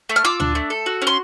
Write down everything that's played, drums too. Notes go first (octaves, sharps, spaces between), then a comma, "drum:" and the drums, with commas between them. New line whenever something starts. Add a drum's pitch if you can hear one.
A3
F6
F4 D6 E6
D4, drum: tom D2
A3
A4
F#4
C#4
C6